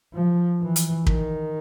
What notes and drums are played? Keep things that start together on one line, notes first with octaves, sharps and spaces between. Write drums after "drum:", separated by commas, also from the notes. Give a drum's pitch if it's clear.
F3
E3
drum: hi-hat
D#3, drum: kick